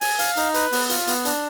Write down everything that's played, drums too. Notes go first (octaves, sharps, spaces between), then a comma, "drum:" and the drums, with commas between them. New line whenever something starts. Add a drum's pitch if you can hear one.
G#5, drum: open hi-hat
F5, drum: hi-hat
D#4, drum: hi-hat
B4, drum: hi-hat
B3, drum: open hi-hat
F4, drum: hi-hat
B3, drum: hi-hat
D4, drum: hi-hat